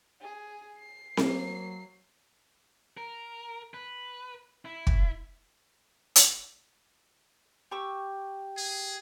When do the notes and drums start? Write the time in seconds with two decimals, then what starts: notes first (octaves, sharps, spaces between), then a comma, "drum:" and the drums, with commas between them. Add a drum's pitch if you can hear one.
0.22 G#4
0.79 C7
1.17 F#3 A#3, drum: snare C4
2.97 A#4
3.74 B4
4.65 E4
4.87 drum: kick
6.16 drum: hi-hat
7.71 G4 C#6 E6
8.58 G#4